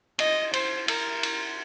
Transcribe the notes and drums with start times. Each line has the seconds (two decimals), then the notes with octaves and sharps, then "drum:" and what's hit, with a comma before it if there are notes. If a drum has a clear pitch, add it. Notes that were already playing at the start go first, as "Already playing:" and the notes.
0.19 D#5, drum: cymbal
0.53 C5, drum: cymbal
0.88 A#4, drum: cymbal
1.23 drum: cymbal